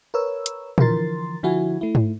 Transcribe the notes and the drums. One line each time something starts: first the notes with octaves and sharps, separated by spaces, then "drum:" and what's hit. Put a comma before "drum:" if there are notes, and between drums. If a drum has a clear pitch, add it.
A#4 B4 C#5 E6
drum: hi-hat
D3 E3 F3 A#4 C6 A6, drum: tom A#2
D3 F3 E4 F#4 G#5
A3 E4
drum: tom G#2